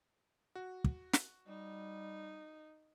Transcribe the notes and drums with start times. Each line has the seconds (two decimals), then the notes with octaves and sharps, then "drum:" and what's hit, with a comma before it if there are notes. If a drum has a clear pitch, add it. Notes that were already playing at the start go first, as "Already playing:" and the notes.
0.55 F#4
0.84 drum: kick
1.13 drum: snare
1.48 G3 D#4